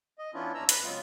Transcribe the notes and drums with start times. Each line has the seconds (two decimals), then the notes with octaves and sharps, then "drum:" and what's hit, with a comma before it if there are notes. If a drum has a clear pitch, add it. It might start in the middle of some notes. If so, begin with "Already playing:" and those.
0.19 D#5
0.34 E3 B3 C#4 D4 E4 F4
0.55 D#2 C#4 D4 E4 A#5 E6
0.69 F#2 B4, drum: hi-hat
0.83 C#3 F#3 G#3 B3 C4 F4